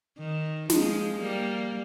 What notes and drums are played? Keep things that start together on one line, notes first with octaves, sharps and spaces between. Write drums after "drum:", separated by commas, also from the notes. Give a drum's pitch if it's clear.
D#3
F3 G#3, drum: snare
G3 A#3